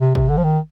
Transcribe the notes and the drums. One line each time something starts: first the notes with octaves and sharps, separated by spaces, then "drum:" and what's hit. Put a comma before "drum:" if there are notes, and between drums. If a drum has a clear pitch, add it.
C3
C3, drum: kick
D3
F3
D#3